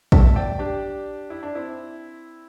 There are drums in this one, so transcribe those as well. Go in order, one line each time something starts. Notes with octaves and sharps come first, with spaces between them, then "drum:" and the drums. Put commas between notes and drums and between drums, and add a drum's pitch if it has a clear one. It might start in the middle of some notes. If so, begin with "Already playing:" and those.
E5 A5, drum: kick
D5 G5
D4 G4
E4
D4
C4 E4